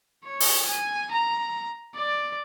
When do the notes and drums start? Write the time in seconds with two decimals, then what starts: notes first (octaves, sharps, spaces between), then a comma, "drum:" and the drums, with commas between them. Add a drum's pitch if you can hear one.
0.25 C#5
0.40 drum: open hi-hat
0.66 G#5
1.12 A#5
1.95 D5